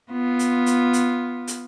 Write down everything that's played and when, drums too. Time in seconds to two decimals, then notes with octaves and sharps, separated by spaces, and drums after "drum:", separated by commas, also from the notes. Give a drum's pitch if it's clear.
0.12 B3 F4
0.39 drum: hi-hat
0.66 drum: hi-hat
0.93 drum: hi-hat
1.47 drum: hi-hat